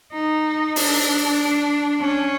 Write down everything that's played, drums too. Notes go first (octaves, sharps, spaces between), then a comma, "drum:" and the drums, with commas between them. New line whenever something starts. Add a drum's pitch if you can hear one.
D#4
D4, drum: open hi-hat
C#4